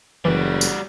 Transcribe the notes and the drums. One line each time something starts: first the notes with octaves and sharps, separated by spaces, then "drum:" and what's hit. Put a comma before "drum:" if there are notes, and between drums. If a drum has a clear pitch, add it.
F#1 E3 G3 F#4
drum: tambourine